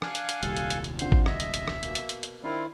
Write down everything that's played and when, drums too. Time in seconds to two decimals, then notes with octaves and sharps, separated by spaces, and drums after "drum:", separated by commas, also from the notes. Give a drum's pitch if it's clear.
0.02 D4 F5 F#5 G#5, drum: rim click
0.15 drum: hi-hat
0.29 drum: hi-hat
0.43 D#1 C2 G3 A4, drum: hi-hat
0.57 drum: hi-hat
0.70 drum: hi-hat
0.84 drum: hi-hat
0.99 D3 C4 F4 C5, drum: hi-hat
1.12 drum: kick G#1
1.26 D#5 E5 G#6, drum: rim click
1.40 drum: hi-hat
1.54 drum: hi-hat
1.68 drum: rim click
1.83 B2 A#3, drum: hi-hat
1.95 drum: hi-hat
2.09 drum: hi-hat
2.23 drum: hi-hat
2.44 D#3 C4 D4 E4 F4 F6